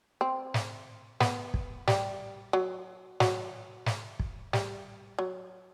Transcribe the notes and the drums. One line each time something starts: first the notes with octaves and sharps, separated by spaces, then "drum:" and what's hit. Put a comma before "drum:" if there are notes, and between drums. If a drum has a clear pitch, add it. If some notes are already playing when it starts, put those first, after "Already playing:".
C4
drum: snare
B3, drum: snare
drum: kick
G3, drum: snare
F#3
F#3, drum: snare
drum: snare
drum: kick
G3, drum: snare
F#3